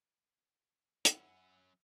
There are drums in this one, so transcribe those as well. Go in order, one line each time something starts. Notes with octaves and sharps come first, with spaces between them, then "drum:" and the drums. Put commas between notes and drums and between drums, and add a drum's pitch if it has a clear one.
F#3 C#4 E4 F#5, drum: hi-hat